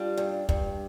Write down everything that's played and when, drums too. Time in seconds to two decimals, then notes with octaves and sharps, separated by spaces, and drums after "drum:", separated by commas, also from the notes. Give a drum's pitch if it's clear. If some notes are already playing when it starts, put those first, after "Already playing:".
Already playing: G3 D4 F4
0.17 G2
0.49 G2, drum: kick